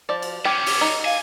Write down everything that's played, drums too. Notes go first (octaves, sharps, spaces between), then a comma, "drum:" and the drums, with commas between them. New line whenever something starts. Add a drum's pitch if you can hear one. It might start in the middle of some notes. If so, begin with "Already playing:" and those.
F3 D5
drum: cymbal
B3 C#4 G5 D6
drum: open hi-hat
D#4
F5 G#5